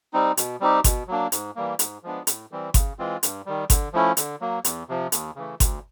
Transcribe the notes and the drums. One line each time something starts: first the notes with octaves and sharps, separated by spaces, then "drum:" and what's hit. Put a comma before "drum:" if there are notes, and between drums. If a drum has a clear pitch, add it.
G3 C4 D#4
B2, drum: hi-hat
G3 C4 D#4 G4
B2, drum: kick G1, hi-hat
F#3 A#3 D4
G#2, drum: hi-hat
E3 G3 A#3
G#2, drum: hi-hat
F3 G#3 B3 D4
A2, drum: hi-hat
E3 G3 C4
C#3, drum: kick G1, hi-hat
E3 G#3 C4 F4
G2, drum: hi-hat
D#3 G3
D3, drum: kick G1, hi-hat
F3 A3 C#4 E4
D3, drum: hi-hat
F#3 A#3
E2, drum: hi-hat
C3 F3
D#2, drum: hi-hat
C#3 E3 A3
D2, drum: kick G1, hi-hat